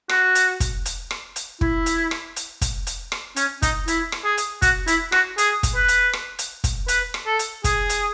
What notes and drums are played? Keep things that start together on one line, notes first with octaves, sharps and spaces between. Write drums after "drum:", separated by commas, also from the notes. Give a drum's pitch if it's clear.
F#4, drum: rim click
drum: hi-hat
drum: kick, hi-hat
drum: hi-hat
drum: rim click
drum: hi-hat
E4, drum: kick
drum: hi-hat
drum: rim click
drum: hi-hat
drum: kick, hi-hat
drum: hi-hat
drum: rim click
C#4, drum: hi-hat
D#4, drum: kick, hi-hat
E4, drum: hi-hat
drum: rim click
G#4
drum: hi-hat
F#4, drum: kick, hi-hat
E4, drum: hi-hat
F#4, drum: rim click
G#4, drum: hi-hat
drum: kick, hi-hat
B4
drum: hi-hat
drum: rim click
drum: hi-hat
drum: kick, hi-hat
B4, drum: hi-hat
drum: rim click
A4
drum: hi-hat
G#4, drum: kick, hi-hat
drum: hi-hat